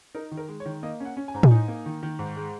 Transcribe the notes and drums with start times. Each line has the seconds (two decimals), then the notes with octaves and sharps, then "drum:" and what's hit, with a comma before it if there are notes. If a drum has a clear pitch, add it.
0.15 D#4 A#4
0.31 D#3
0.37 A#4
0.49 G#3
0.60 C#5
0.66 D#3
0.83 A#3 D#5
1.00 C#4 F#5
1.17 C#4
1.28 G#5
1.34 G#2 A#5
1.43 G#5, drum: tom A2
1.51 D#4
1.68 A#3
1.86 D#3
2.03 D#3
2.19 G#2
2.37 G#3